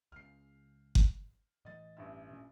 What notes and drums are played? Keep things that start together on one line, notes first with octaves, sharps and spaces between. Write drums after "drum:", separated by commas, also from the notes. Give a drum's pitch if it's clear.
C#2 C#3 F6 C7
drum: kick F#1
A2 E3 D#5 A6
A1 G2 E5
A#2 C#4